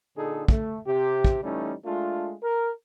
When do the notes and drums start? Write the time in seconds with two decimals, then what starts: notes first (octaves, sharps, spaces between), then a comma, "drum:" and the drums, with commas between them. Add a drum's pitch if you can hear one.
0.17 A#2 D3 D#4 G#4 A4
0.48 A3, drum: kick
0.86 C3 G4
1.25 drum: kick
1.43 E3 G3 A3 C#4 D#4
1.85 G#3 A3 D4 F4
2.43 A#4